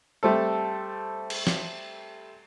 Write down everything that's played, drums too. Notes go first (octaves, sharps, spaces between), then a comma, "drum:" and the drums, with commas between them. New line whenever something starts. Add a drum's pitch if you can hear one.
G3 A3 C4 A4
drum: cymbal
drum: snare